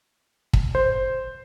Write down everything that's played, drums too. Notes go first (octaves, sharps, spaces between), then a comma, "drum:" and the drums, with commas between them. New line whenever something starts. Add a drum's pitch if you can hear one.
drum: kick
C5